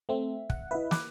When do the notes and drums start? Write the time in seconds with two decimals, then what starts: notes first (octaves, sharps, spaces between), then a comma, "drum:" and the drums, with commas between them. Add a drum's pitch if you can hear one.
0.09 A3 C4 E5
0.50 F#5, drum: kick
0.71 E4 B4 D#5 E5
0.91 D6 F#6, drum: snare